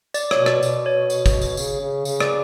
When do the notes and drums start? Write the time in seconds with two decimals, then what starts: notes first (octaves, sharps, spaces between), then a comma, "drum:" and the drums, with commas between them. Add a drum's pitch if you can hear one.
0.14 D5, drum: tambourine
0.31 C#5, drum: rim click
0.38 B2
0.46 D5, drum: rim click
0.63 B2, drum: tambourine
0.86 C#5
1.10 drum: tambourine
1.26 drum: kick, tambourine
1.41 drum: tambourine
1.57 C#3, drum: tambourine
1.81 C#3
2.05 C#3, drum: tambourine
2.20 D5, drum: rim click